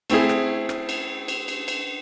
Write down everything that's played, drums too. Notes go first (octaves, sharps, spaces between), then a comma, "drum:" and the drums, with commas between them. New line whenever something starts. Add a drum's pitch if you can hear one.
A3 C4 E4 G#4, drum: cymbal
drum: rim click
drum: rim click
drum: cymbal
drum: cymbal
drum: cymbal
drum: cymbal